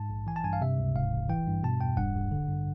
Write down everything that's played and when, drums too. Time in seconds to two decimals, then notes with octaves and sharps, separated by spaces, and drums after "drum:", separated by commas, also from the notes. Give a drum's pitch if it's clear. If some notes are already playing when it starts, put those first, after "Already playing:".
Already playing: G#2 A5
0.10 A#1
0.27 E3 G#5
0.36 A5
0.44 G2 G#5
0.53 F5
0.61 C3 E5
0.78 C#2
0.96 G#2 F5, drum: kick D1
1.13 A1
1.29 E3 G5
1.47 G2
1.63 B2 A5
1.80 E2 G5
1.97 G2 F#5, drum: kick D1
2.15 A1
2.31 D3
2.49 G2